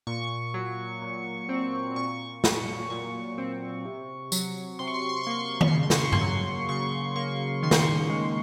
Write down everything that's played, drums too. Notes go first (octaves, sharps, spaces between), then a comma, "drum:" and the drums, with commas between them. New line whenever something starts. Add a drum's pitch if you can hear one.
A#2 C#6
F#3
A#2
C4
A#2 C#6
F#3, drum: snare
A#2 C#6
C4
C3
F#3, drum: tambourine
C3 C6
C#6
C6
C#6
C6
C#6
C6
A#3 C#6
C6
C#6
C6
C#6, drum: tom D#3
C6
C#3 C#6
C6
C#6, drum: snare
C6
C#6
C6, drum: tom G2
F#3
C#3 C#6
A#3 C#6
D#3 C6
C#6, drum: snare
C6
G#3